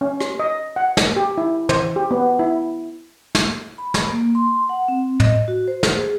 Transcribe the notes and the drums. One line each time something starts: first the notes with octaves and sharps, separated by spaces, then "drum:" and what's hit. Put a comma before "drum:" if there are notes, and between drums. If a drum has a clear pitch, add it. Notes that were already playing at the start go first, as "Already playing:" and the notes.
C#4
drum: rim click
D#5
F#5
drum: snare
G4
E4
C5, drum: tom
G4
B3
E4
drum: snare
B5
drum: snare
A#3
C6
F#5
C4
D#5, drum: tom
F#4
C5
drum: snare
G#4